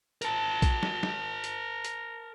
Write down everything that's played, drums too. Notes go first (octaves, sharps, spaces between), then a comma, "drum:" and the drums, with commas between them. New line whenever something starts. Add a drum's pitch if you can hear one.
A#4 A5, drum: hi-hat
drum: kick A#1, hi-hat
drum: snare
drum: snare
drum: hi-hat
drum: hi-hat